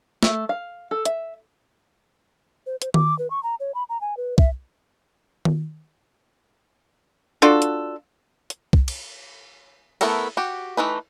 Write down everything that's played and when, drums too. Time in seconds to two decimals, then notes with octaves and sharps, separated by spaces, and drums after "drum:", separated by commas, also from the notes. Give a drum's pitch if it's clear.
0.23 A3, drum: snare
0.49 F5
0.91 A4
1.05 E5, drum: hi-hat
2.66 C5
2.82 C5, drum: hi-hat
2.94 D6, drum: tom D#3
3.19 B4
3.30 C#6
3.43 A#5
3.60 C#5
3.75 B5
3.89 A#5
4.01 G#5
4.17 B4
4.38 E5, drum: kick
5.45 drum: tom D#3
7.42 D4 F4 F#4 A4
7.62 drum: hi-hat
8.50 drum: hi-hat
8.73 drum: kick
8.88 drum: cymbal
10.01 A3 B3 E4 A4 A#4, drum: cymbal
10.37 F#4 G4
10.77 E3 A3 D#4 B4